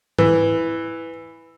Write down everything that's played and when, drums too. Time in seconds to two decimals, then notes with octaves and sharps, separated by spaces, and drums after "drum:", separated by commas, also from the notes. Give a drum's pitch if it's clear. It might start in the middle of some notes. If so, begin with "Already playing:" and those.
0.18 E3, drum: tom G#2